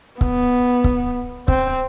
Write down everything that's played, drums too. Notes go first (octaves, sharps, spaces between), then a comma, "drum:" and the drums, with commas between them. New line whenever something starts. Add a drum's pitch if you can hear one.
B3, drum: kick C#1
drum: kick C#1
C4, drum: kick C#1